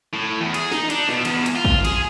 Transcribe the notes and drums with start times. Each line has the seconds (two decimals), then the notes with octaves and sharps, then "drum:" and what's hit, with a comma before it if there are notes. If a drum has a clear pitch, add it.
0.13 A2
0.41 E2
0.54 G#4, drum: cymbal
0.71 D#4, drum: snare
0.90 D4, drum: cymbal
1.09 B2, drum: snare
1.25 E2, drum: cymbal
1.46 drum: cymbal
1.55 F4
1.65 drum: kick
1.85 G#4, drum: cymbal